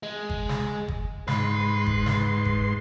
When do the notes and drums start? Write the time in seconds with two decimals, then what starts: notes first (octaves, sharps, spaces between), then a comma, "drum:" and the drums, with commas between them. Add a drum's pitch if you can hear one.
0.03 G#3
0.29 drum: kick F#1
0.49 drum: snare
0.88 drum: kick F#1
1.28 G#2 B4 C6, drum: snare
1.86 drum: kick F#1
2.06 drum: snare
2.45 drum: kick F#1